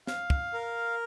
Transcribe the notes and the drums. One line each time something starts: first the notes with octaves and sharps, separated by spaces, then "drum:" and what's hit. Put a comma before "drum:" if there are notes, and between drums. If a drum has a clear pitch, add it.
F5, drum: snare
drum: kick
A#4